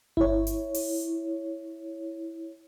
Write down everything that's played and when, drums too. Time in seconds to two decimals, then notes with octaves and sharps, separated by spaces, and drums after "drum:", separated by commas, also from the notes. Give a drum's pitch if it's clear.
0.17 E4 C#5, drum: kick G1
0.47 drum: hi-hat
0.74 drum: open hi-hat